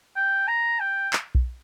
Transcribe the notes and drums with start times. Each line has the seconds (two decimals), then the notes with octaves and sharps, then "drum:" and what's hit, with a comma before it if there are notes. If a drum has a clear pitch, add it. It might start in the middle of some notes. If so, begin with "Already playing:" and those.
0.16 G5
0.48 A#5
0.80 G5
1.13 drum: clap
1.35 drum: kick B1